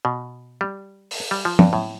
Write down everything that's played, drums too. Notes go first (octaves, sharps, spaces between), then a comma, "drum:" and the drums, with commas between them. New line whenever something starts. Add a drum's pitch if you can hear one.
B2
G3
drum: open hi-hat
G3
F3
G2, drum: tom
A2